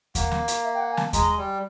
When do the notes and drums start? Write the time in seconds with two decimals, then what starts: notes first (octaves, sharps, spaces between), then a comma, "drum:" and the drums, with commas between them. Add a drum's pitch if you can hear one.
0.15 A#3 F#5, drum: kick D#2, hi-hat
0.31 drum: snare
0.48 drum: hi-hat
0.64 E5
0.74 G5
0.80 F#5
0.92 G#5
0.97 A5, drum: snare
1.13 G#3 A#5, drum: kick D#2, hi-hat
1.38 G3